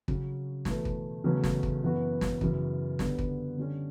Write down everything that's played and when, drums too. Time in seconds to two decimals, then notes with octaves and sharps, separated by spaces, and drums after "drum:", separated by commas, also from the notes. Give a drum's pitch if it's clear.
0.08 C#3 F#3 C#4, drum: kick
0.65 E2 B2 A3 E4, drum: snare
0.85 drum: kick
1.24 E2 C#3 F#3 A3 C#4
1.44 drum: snare
1.63 drum: kick
1.83 F#2 E3 B3 F#4
2.21 drum: snare
2.41 F#2 C#3 E3, drum: kick
2.99 D3 G3 B3, drum: snare
3.19 drum: kick
3.57 D3 G3 C#4